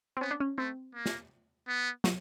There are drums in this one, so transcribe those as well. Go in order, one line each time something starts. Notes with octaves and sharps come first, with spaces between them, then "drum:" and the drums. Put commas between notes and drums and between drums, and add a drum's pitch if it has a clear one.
C4
B3 C#4
D4
C#4
A3 C4
A#3
drum: snare
B3
F#3, drum: snare